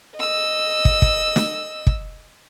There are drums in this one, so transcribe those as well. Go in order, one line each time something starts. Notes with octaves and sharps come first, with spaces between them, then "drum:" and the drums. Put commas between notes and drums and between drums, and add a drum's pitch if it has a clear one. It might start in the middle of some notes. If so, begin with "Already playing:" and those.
D#5 E6
drum: kick
drum: kick
drum: snare
drum: kick